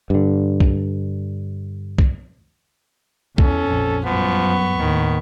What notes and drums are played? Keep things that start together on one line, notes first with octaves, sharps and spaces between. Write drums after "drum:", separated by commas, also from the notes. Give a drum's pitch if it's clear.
G2 D3
drum: kick
drum: kick
E2 C#4 A4, drum: kick
A#1 F2
F#2 F3 G3 B3 C#6
D#2 A2 D#3